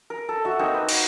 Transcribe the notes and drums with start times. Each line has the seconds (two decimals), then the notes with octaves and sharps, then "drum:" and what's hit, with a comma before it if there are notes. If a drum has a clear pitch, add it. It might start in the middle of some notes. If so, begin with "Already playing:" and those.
0.10 A#4
0.29 A4
0.45 F#4 E5
0.59 A#3 C4 D#4
0.74 B4
0.89 F#5, drum: cymbal